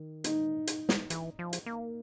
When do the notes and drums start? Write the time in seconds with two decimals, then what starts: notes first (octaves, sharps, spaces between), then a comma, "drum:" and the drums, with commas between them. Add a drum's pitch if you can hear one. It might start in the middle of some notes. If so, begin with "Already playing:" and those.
Already playing: D#3
0.24 D#4, drum: hi-hat
0.67 drum: hi-hat
0.89 drum: snare
1.10 E3, drum: hi-hat
1.39 F3
1.53 drum: hi-hat
1.66 A#3